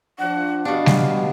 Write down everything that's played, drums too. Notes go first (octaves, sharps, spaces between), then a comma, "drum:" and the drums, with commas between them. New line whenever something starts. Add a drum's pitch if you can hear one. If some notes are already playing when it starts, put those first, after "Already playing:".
F3 D4 F#5
B2 B3 D4 F#4 G4 F5
drum: snare